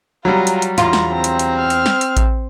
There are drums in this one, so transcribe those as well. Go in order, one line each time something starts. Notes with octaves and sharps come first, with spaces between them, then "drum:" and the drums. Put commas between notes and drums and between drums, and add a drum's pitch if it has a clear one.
F#3 G3 F4 A#5
drum: hi-hat
drum: hi-hat
E2 F4 A#5, drum: hi-hat
drum: snare
C4 A#5
drum: hi-hat
drum: hi-hat
F6
drum: hi-hat
drum: snare
drum: hi-hat
drum: kick A1, hi-hat